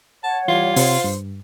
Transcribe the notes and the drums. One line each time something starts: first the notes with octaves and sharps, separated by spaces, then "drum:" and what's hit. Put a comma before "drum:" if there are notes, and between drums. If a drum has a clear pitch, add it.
C#5 F#5 A5
E3 G3 F4
C3 C5, drum: open hi-hat
G2